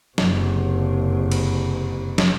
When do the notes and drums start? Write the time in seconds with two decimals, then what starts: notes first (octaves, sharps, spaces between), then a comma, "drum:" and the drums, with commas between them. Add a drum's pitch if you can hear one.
0.18 F#1 C3, drum: snare
1.32 drum: cymbal
2.18 drum: snare